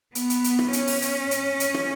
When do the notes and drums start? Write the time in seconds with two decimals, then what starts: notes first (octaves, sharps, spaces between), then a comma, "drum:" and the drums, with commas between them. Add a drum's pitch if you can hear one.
0.15 B3, drum: hi-hat
0.30 drum: hi-hat
0.44 drum: hi-hat
0.59 drum: rim click
0.73 C#4, drum: hi-hat
0.88 drum: open hi-hat
1.02 drum: hi-hat
1.31 drum: hi-hat
1.60 drum: hi-hat
1.74 drum: rim click